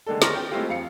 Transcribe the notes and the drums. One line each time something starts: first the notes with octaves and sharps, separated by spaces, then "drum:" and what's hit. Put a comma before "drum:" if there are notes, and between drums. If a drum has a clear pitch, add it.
D3 D#3 G#3 A#3 D4 A4
A#5 C6 C#6 F6 A6 A#6, drum: snare
G5
G#3 A3 C4 E4 F4 G4
F2 F5 C#7